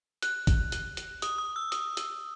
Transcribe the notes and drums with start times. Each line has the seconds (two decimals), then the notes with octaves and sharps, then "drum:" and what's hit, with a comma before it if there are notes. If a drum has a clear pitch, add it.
0.22 F#6, drum: hi-hat
0.47 drum: kick G#1, hi-hat
0.72 drum: hi-hat
0.97 drum: hi-hat
1.22 D#6, drum: hi-hat
1.38 D#6
1.56 E6
1.72 D#6, drum: hi-hat
1.97 drum: hi-hat